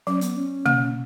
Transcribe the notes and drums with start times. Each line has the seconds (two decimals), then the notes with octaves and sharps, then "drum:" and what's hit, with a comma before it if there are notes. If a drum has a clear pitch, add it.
0.07 F#3 C#4
0.21 B3, drum: hi-hat
0.36 C#4
0.66 A#3, drum: tom